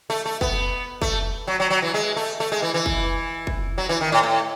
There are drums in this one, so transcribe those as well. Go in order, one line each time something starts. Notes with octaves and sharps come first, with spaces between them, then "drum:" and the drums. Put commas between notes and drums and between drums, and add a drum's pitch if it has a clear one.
A3
A3
B3, drum: kick
A3, drum: kick
F#3
F#3
F#3
E3
G#3
A3
A3
G#3
E3
E3
drum: kick
drum: kick
F#3
E3
D#3
A2
A2